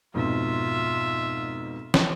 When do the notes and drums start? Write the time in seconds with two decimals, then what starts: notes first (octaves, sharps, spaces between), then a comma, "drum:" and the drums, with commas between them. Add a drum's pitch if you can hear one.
0.14 F2 G#2 B2 F4 E5
1.94 drum: snare